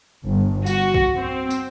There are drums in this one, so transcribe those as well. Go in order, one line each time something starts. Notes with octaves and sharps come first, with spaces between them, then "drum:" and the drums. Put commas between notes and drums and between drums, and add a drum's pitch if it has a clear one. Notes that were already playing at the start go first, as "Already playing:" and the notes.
G1
F#4, drum: tambourine
drum: kick B1
C4
drum: tambourine